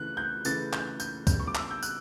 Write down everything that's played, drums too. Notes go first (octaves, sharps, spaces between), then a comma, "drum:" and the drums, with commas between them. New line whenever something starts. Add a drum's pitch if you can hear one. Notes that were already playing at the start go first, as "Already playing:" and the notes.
Already playing: C#3 E3 A3 F#6
G6
C#3 E3 A3 A6, drum: tambourine
G6, drum: clap
G6, drum: tambourine
C#3 G3 B3 G6, drum: kick, tambourine
C#6
D6
E6, drum: clap
G6
F#6, drum: tambourine